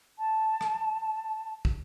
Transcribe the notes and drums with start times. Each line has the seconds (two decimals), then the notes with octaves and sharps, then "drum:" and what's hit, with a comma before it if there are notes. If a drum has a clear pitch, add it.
0.19 A5
0.61 drum: rim click
1.65 drum: kick